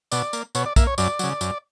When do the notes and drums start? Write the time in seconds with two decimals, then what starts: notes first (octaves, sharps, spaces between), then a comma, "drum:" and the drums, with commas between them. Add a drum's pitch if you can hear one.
0.12 B2 D5, drum: tambourine
0.33 A#3, drum: tambourine
0.55 B2 C#5, drum: tambourine
0.66 D5
0.76 A#3 E5, drum: kick, tambourine
0.87 C#5
0.98 F#2 D5, drum: tambourine
1.19 C#3 F#3, drum: tambourine
1.41 F#2, drum: tambourine